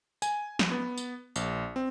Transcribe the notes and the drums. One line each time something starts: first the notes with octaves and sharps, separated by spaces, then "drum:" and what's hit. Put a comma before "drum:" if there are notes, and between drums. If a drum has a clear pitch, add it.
G#5, drum: tambourine
drum: snare
B3
drum: tambourine
A#1, drum: tambourine
C4